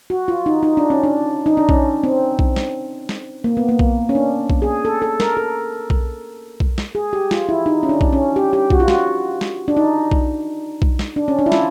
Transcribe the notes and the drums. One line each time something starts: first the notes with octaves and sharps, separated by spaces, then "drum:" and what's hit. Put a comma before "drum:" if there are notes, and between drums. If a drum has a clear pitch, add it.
F#4
F4
D#4
D#4
D4
C#4
D4
D#4
D4
C#4, drum: kick B1
C4
drum: kick B1
drum: snare
drum: snare
A#3
B3
A#3
drum: kick B1
C#4
D4
drum: kick B1
G#4
A4
A4
A#4, drum: snare
A4
drum: kick B1
drum: kick B1
drum: snare
G#4
G4
F4, drum: snare
E4
D#4
C#4
D4
drum: kick B1
C#4
G4
G4
F#4, drum: kick B1
F4
F#4, drum: snare
drum: snare
D4
D#4
drum: kick B1
drum: kick B1
drum: snare
D4
C#4
D4
E4
F4, drum: snare